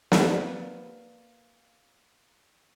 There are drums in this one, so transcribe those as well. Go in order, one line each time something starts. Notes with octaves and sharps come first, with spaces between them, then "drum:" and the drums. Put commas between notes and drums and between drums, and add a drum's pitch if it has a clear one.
A#3 B4 D5 F#5 B5, drum: snare